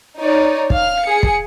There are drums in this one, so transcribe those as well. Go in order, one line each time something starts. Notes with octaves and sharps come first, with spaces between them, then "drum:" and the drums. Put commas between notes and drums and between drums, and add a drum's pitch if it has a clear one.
D#4 C#5 D5
F5 F6, drum: kick
G#4 C#7
drum: kick